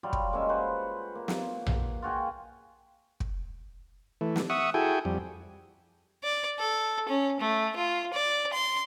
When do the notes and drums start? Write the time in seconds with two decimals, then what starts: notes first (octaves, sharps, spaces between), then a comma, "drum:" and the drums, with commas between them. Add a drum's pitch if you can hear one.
0.03 F#3 G3 F4
0.13 drum: kick
0.33 G#3 A#3 C#4 E5
0.49 F4 F#4 B4 C5
1.15 A#3
1.28 drum: snare
1.66 drum: tom A#1
2.02 F4 F#4 G#4 G5
3.20 drum: kick
4.21 E3 A3
4.36 drum: snare
4.50 E5 F#5 C#6 D#6
4.74 E4 F#4 G#4 A4 G5 G#5
5.05 F2 G3
6.24 D5
6.59 A4
7.08 C#4
7.40 A3
7.76 F4
8.13 D5
8.53 C6